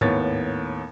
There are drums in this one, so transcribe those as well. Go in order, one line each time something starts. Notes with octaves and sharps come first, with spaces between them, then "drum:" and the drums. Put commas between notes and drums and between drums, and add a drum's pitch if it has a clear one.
D#2 A2 B3 C#5 A6, drum: tom G#2